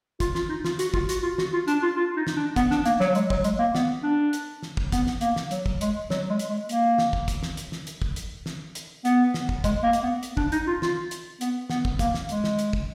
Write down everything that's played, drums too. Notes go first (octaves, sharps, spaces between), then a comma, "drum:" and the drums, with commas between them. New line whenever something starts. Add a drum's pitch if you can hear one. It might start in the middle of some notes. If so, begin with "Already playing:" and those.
F4, drum: kick, hi-hat
F4, drum: snare
D#4
F4, drum: snare
F#4, drum: hi-hat
F4, drum: kick
F#4, drum: hi-hat
F4
F#4, drum: snare
F4
D4, drum: hi-hat
F4
F4
D#4
drum: snare
D4
B3, drum: kick, hi-hat
D4, drum: snare
A#3, drum: hi-hat
F#3, drum: snare
G#3, drum: hi-hat
F#3, drum: kick
G#3, drum: hi-hat
A#3
B3, drum: snare
D4
drum: hi-hat
drum: snare
drum: kick
B3, drum: kick, hi-hat
drum: snare
A#3, drum: hi-hat
drum: snare
F#3, drum: hi-hat
drum: kick
G#3, drum: hi-hat
F#3, drum: snare
G#3
drum: hi-hat
G#3
A#3, drum: hi-hat
drum: snare
drum: kick
drum: kick, hi-hat
drum: snare
drum: hi-hat
drum: snare
drum: hi-hat
drum: kick
drum: hi-hat
drum: snare
drum: hi-hat
B3, drum: hi-hat
drum: snare
drum: kick
G#3, drum: kick, hi-hat
A#3
drum: hi-hat
B3
drum: hi-hat
D4, drum: kick
D#4, drum: hi-hat
F4
F4, drum: snare
drum: hi-hat
B3, drum: hi-hat
B3, drum: snare
drum: kick
A#3, drum: kick, hi-hat
drum: snare
G#3, drum: hi-hat
drum: snare
drum: hi-hat
drum: kick